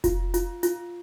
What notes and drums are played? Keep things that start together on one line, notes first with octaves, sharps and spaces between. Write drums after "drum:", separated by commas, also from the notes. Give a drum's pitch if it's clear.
F4, drum: kick F1, hi-hat
F4, drum: hi-hat
F4, drum: hi-hat